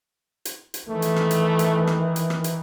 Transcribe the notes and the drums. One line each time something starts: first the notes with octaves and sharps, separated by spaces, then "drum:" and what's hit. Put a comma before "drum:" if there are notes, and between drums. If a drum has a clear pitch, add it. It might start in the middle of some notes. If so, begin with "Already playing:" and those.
drum: hi-hat
drum: hi-hat
D#3 E3 A3
drum: hi-hat
drum: rim click
drum: hi-hat
drum: hi-hat
drum: rim click
drum: hi-hat
drum: rim click
drum: hi-hat